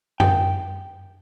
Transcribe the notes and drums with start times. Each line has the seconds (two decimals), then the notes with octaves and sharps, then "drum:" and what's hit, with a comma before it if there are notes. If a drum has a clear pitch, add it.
0.20 G5, drum: tom F#2